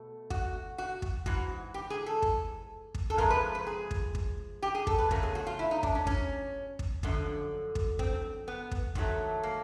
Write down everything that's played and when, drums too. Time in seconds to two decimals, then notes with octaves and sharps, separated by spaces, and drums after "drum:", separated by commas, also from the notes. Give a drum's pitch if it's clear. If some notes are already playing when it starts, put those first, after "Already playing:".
Already playing: B2 A3
0.30 F#4, drum: kick
0.78 F#4
1.02 drum: kick
1.26 G#2 E3 F#4, drum: kick
1.74 G4
1.90 G#4
2.06 A4
2.22 drum: kick
2.94 drum: kick
3.10 A4
3.18 C3 F3 G#3 A#4, drum: kick
3.30 B4
3.55 B4
3.67 G#4
3.91 drum: kick
4.15 drum: kick
4.62 G4
4.75 G#4
4.87 A4, drum: kick
4.99 B4
5.11 E2 C#3 F#3 A3 A#4, drum: kick
5.23 G#4
5.35 F#4
5.47 F4
5.59 E4
5.71 D#4
5.83 D4, drum: kick
5.95 C#4
6.07 C#4, drum: kick
6.79 drum: kick
7.03 F#2 D3 F3, drum: kick
7.75 drum: kick
7.99 C4, drum: kick
8.48 B3
8.71 drum: kick
8.95 G#2 D#3 F#3 A3, drum: kick
9.43 A#3